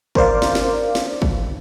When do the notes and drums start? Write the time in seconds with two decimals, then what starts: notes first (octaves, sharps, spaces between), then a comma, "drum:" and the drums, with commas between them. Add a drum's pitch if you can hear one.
0.15 A#4 C5 D5 F5, drum: kick
0.42 drum: snare
0.55 drum: snare
0.95 drum: snare
1.22 drum: kick